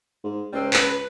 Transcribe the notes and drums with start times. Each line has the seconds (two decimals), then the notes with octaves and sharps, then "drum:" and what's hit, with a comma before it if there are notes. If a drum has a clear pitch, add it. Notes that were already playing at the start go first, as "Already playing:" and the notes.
0.24 G#2
0.53 C#2 G3 G#3 C4
0.73 B4, drum: clap